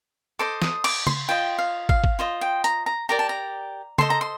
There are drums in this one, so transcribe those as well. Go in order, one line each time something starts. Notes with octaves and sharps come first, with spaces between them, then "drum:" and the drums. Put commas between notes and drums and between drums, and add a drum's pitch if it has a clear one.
A4 C5 D#5 D6
D#6, drum: snare
D6, drum: cymbal
C6, drum: tom C#3
F4 C5 D#5 G5
F5
F5, drum: kick
drum: kick
F4 C5 D#5
G5
A#5, drum: hi-hat
A#5
G4 A#4 D5 A#5
A5
A#5
A4 C5 D#5 C6, drum: tom C#3
A#5
C6